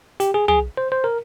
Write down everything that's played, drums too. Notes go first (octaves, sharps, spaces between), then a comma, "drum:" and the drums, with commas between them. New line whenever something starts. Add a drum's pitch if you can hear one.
G4, drum: hi-hat
G#4
G#4, drum: tom
C5
C5
A#4